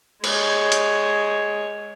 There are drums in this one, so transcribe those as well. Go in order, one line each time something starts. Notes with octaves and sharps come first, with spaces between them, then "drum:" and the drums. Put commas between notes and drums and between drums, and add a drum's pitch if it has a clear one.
G#3 C#5, drum: cymbal
drum: hi-hat